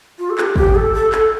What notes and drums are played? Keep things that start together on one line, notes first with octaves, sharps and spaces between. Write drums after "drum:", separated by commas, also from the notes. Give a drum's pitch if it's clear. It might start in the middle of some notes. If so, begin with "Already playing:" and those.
F4
A4
G4, drum: clap
G4, drum: kick
A4
A4
A4, drum: clap